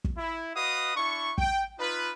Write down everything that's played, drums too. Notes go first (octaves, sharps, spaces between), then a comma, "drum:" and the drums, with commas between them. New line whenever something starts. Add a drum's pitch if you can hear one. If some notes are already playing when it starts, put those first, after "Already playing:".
drum: kick
E4
F#4 B4 D#5 F5 D#6
D4 E4 C#6
G5, drum: kick
D#4 F4 B4